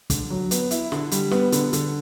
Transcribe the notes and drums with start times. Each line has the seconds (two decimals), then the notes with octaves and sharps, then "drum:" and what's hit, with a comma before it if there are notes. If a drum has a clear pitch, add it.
0.10 D3, drum: kick, hi-hat
0.30 F#3
0.51 B3, drum: hi-hat
0.71 E4, drum: hi-hat
0.92 D3, drum: snare
1.11 G3, drum: hi-hat
1.31 B3, drum: snare
1.52 D3, drum: hi-hat
1.73 D3, drum: hi-hat